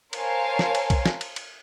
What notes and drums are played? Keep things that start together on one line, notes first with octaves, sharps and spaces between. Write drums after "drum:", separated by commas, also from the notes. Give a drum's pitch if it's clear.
A#4 C5 C#5 F5 G#5 A5, drum: cymbal
drum: snare
drum: cymbal
drum: kick B1, cymbal
drum: snare
drum: cymbal
drum: cymbal